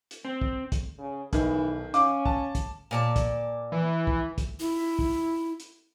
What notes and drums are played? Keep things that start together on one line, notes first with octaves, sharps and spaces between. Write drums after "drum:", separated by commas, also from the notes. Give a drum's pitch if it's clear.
drum: hi-hat
C4
drum: kick
drum: kick, hi-hat
C#3
B1 D#3 E3, drum: kick, hi-hat
C#4 F5 D6, drum: hi-hat
A5, drum: kick
drum: kick, hi-hat
A#2 D5 A5
drum: kick, hi-hat
E3
drum: kick
drum: kick, hi-hat
E4
drum: kick
drum: hi-hat